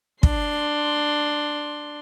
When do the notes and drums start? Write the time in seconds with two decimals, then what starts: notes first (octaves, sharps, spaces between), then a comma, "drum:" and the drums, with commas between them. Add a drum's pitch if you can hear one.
0.23 D4 C6, drum: kick